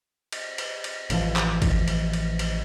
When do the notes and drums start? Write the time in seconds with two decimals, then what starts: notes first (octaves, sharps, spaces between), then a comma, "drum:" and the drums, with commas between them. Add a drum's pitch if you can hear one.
0.32 drum: cymbal
0.58 drum: cymbal
0.84 drum: cymbal
1.10 A1 E3 F3, drum: cymbal
1.36 drum: clap
1.62 drum: kick G#1, cymbal
1.88 drum: cymbal
2.13 drum: cymbal
2.39 drum: cymbal